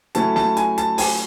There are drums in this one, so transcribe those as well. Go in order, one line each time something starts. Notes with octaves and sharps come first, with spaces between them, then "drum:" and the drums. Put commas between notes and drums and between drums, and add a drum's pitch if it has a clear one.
F#3 A3 C#4 E4 A5, drum: hi-hat
A5, drum: snare
G#5, drum: hi-hat
A5, drum: hi-hat
G#5, drum: open hi-hat